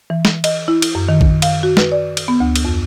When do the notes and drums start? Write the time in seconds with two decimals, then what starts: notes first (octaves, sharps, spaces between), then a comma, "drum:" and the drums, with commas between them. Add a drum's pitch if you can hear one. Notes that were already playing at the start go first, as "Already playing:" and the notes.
0.10 E3
0.25 drum: snare
0.44 D#5, drum: cymbal
0.68 E4
0.82 drum: cymbal
0.95 F#2
1.08 D#3
1.21 drum: kick A#1
1.42 F5, drum: cymbal
1.63 F#4
1.77 B4, drum: snare
1.92 D5
2.17 drum: cymbal
2.28 B3
2.40 D2
2.56 drum: cymbal
2.65 F2